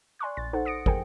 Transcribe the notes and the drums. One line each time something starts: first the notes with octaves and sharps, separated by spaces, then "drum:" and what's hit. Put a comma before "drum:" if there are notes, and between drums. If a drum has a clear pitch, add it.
D5 G#5 C6 C#6 F#6
A#1 A6
D#4 A4 C5 F#5
D#6 A#6 C#7 D7
G#4 A#4 C5 G5 G#5, drum: kick